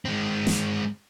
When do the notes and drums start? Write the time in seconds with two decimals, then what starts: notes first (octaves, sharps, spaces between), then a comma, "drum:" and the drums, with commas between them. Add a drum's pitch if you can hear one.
0.05 G#3 C4
0.47 drum: snare